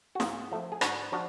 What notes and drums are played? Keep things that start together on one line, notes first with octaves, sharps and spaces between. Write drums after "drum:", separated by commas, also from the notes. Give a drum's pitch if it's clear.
F#4
G#2 F4 G#4, drum: snare
F3 A3
G#4
G#2 D4 F#4, drum: rim click
F3 D4 F#4